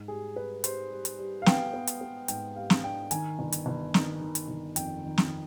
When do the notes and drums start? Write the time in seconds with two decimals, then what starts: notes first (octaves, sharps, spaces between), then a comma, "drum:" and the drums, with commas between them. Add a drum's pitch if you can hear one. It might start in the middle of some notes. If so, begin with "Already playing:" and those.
Already playing: G#2
0.08 G3 G#4
0.36 G3 B4
0.64 G3 C5, drum: hi-hat
0.91 G3
1.05 drum: hi-hat
1.18 G3
1.42 F5
1.46 B3 G5, drum: snare
1.74 B3
1.87 drum: hi-hat
2.01 B3
2.28 G#2 G5, drum: hi-hat
2.56 G3 F5
2.70 drum: snare
2.83 D4 G5
3.11 D#3 G#5, drum: hi-hat
3.39 G1
3.52 drum: hi-hat
3.66 G1
3.94 D#3, drum: snare
4.22 D#3
4.35 drum: hi-hat
4.48 G1
4.76 F2 G5, drum: hi-hat
5.04 D#3
5.18 drum: snare